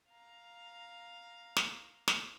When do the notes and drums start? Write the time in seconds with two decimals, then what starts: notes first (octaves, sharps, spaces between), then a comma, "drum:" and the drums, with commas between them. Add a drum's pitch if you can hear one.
0.11 F5 A#5
1.57 drum: snare
2.08 drum: snare